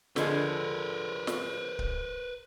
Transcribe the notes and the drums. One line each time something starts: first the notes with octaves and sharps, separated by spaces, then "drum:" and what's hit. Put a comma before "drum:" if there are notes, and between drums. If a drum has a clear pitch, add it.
D3 F3 G#3 A#4 B4, drum: snare
drum: snare
drum: kick D1